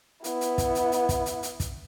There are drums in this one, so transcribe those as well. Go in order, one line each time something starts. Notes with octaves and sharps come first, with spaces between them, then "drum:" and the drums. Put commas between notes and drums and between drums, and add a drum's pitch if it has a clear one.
B3 E4, drum: hi-hat
drum: hi-hat
drum: kick, hi-hat
drum: hi-hat
drum: hi-hat
drum: kick, hi-hat
drum: hi-hat
drum: hi-hat
drum: kick, hi-hat